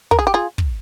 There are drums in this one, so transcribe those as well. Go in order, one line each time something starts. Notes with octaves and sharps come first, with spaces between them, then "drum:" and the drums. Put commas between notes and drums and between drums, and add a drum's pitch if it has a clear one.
A#4, drum: kick
G#4
G4
F4 G#4
drum: kick